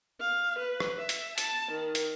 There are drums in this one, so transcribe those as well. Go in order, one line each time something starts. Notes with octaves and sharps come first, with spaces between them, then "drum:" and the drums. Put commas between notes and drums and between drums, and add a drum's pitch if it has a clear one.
F5
B4
drum: rim click
E5
drum: hi-hat
A5, drum: hi-hat
D#3
drum: hi-hat